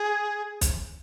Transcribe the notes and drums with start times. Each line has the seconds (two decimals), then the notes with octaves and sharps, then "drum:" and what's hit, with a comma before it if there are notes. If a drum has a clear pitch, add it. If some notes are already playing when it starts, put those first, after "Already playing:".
Already playing: G#4
0.61 drum: kick, hi-hat